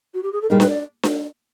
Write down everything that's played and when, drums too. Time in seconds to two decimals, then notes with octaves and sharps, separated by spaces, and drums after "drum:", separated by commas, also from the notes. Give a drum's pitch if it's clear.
0.14 F#4
0.23 G4
0.32 G#4
0.42 A4
0.50 A#2 G3 A#3 D#4 G#4 A#4
0.60 B4, drum: snare D4
0.69 D5
1.03 drum: snare D4